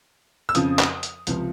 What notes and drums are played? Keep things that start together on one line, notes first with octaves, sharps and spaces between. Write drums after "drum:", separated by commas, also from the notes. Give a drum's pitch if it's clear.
E6
F2 C#3 F3 D#6, drum: hi-hat
drum: clap
drum: hi-hat
C#2 C3 F3, drum: hi-hat